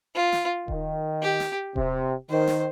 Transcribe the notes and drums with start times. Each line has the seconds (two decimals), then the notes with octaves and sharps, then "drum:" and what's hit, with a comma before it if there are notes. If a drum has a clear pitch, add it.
0.15 F4
0.32 drum: snare
0.68 D#3, drum: kick D#1
1.22 G4
1.40 drum: snare
1.76 C3, drum: kick D#1
2.29 D#3 C5
2.47 drum: snare